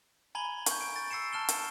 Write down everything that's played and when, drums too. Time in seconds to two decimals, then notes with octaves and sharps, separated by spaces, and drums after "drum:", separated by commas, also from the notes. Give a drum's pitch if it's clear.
0.35 G#5 A#5 B5 G#6 G7
0.66 C#6 G6, drum: hi-hat
0.81 D7
0.96 A6
1.10 E6 A6 C7 C#7 E7
1.33 A5 F6 E7 G7
1.49 drum: hi-hat